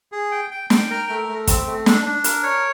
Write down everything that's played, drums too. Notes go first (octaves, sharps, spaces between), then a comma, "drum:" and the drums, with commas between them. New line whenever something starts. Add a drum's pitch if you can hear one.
G#4
G5
G5
G5, drum: snare
A#4
A3
A3
C4, drum: kick, hi-hat
A3
D4, drum: snare
D4
A#4, drum: hi-hat
C#5